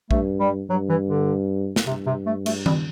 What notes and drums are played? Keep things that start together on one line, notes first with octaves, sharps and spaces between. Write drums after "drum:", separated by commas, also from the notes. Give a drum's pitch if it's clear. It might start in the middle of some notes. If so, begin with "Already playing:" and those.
G2 A3, drum: kick
G3
G2 F#3
E3
D3
drum: snare
G2 C3
C3
A3
A3, drum: cymbal
G3, drum: tom D#3